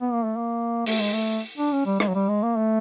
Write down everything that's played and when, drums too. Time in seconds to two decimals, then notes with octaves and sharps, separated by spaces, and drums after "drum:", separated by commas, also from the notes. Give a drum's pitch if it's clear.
0.01 B3
0.12 A#3
0.25 A3
0.37 A#3
0.86 A3, drum: open hi-hat
1.00 G#3
1.13 A3
1.58 D4
1.72 C#4
1.86 G3
2.00 G#3, drum: rim click
2.08 F#3
2.15 G3
2.29 G#3
2.43 A#3
2.57 A3